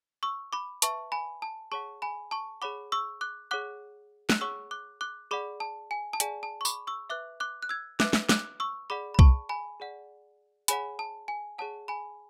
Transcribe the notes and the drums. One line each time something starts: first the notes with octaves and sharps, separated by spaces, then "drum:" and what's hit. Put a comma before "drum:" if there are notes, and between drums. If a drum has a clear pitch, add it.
C#6 E6
B5 D6
B4 E5 A5 C#6, drum: hi-hat
G#5 B5
A5
G#4 C#5 F#5 A5 C#6
G#5 B5
A5 C#6
G#4 C#5 F#5 B5 D6
C#6 E6
D6 F#6
G#4 C#5 F#5 D6 F#6
F#6, drum: snare
G#4 C#5 F#5 C#6 E6
D6 F#6
D6 F#6
G#4 D5 F#5 B5 D6
A5
G#5
A5
G#4 D5 F#5 G#5, drum: hi-hat
A5
C#6
B5 D6, drum: tambourine
C#6 E6
B4 E5 D6 F#6
D6 F#6
F#6
E6 G#6
B4 E5 D6 F#6, drum: snare
drum: snare
D6 F#6, drum: snare
C#6 E6
G#4 D5 F#5 B5 D6
B5
A5 C#6, drum: kick C2
G#5 B5
G#4 D5 F#5
G#4 C#5 F#5 G#5 B5, drum: hi-hat
A5
G#5
G#4 C#5 F#5 A5
G#5 B5